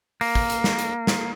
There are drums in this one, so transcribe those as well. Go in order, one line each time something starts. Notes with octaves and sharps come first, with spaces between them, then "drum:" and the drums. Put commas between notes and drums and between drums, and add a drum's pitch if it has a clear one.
A#3, drum: open hi-hat
drum: kick
drum: hi-hat
drum: snare
drum: hi-hat
drum: snare